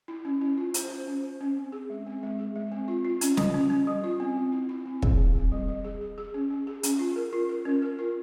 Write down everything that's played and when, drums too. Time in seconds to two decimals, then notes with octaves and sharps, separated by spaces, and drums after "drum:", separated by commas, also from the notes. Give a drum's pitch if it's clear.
0.08 E4
0.25 C#4
0.41 C#4
0.57 F4
0.74 C5, drum: hi-hat
0.90 C5
1.07 C#4
1.23 C5
1.40 C#4
1.57 C4
1.72 G#4
1.90 G#3
2.06 C4
2.23 G#3
2.39 G#4
2.56 G#3
2.72 C4
2.88 F4
3.05 F4
3.21 C#4, drum: hi-hat
3.37 G3, drum: snare
3.54 C#4
3.70 C#4
3.87 G3
4.04 F4
4.20 C4
4.36 C4
4.52 E4
4.69 E4
4.86 C4
5.02 G#4, drum: kick
5.19 G#4
5.35 C4
5.52 G3
5.68 G3
5.84 G#4
6.01 G#4
6.18 G#4
6.34 C#4
6.50 C#4
6.67 G#4
6.83 C#4, drum: hi-hat
6.99 F4
7.16 A#4
7.33 F4
7.49 A#4
7.65 C#4
7.82 A#4
7.99 F4